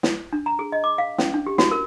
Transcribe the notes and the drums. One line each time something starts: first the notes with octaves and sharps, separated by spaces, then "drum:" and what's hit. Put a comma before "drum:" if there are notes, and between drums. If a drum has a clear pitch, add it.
drum: snare
D4
A#5
G#4
D#5
D6
F5
C#4, drum: snare
D4
G4
F#4, drum: snare
A#4